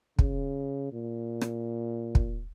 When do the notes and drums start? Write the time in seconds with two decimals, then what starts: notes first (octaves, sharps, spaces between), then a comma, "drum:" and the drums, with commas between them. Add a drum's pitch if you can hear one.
0.19 C#3, drum: kick
0.93 A#2
1.41 drum: rim click
2.15 drum: kick